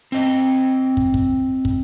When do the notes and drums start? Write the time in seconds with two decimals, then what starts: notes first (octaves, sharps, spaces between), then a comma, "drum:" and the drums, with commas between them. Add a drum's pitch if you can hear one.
0.12 C4 D#5
0.97 drum: kick
1.14 drum: kick
1.65 drum: kick